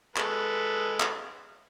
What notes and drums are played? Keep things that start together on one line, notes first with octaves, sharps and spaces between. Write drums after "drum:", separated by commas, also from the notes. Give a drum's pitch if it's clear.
G#3 A4 B4, drum: clap
drum: clap